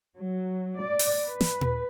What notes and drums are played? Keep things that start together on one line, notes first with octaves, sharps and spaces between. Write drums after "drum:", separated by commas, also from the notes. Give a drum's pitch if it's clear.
F#3
D5
drum: open hi-hat
B4
drum: snare
drum: tom A#2